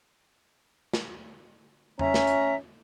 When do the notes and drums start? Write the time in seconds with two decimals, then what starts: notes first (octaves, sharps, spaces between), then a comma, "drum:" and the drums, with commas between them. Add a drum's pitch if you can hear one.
0.93 drum: snare
1.99 C#4 E5 A#5, drum: tom
2.14 drum: snare
2.27 drum: hi-hat